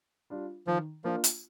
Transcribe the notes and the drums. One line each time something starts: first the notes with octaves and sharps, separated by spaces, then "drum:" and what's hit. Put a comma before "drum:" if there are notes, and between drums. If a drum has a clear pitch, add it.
G3 D4 F4
D#3 F3
F3 A#3 D4 F4
drum: hi-hat